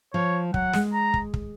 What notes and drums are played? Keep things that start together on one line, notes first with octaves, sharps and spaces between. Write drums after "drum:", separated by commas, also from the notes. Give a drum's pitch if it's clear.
F3 C#5
F#3 F#5, drum: kick
G#3, drum: snare
A#5
drum: kick
drum: kick